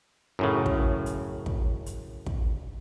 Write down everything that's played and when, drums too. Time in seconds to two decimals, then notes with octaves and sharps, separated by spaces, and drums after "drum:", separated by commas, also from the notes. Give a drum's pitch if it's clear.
0.39 F#2 A2 C#3
0.66 drum: kick
1.06 drum: hi-hat
1.46 drum: kick
1.86 drum: hi-hat
2.26 drum: kick